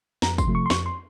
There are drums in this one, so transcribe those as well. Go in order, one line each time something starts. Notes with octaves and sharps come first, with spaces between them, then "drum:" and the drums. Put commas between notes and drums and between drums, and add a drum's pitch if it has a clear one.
F2 A#5, drum: snare
C6, drum: kick, tambourine
C3 F3 A3
C#6
C6
F2 C#6, drum: snare
C6